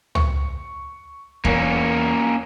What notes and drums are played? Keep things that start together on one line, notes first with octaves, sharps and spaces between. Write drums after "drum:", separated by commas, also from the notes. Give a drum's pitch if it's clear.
C#6, drum: tom C#2
E2 A#3 C#4 A#4, drum: kick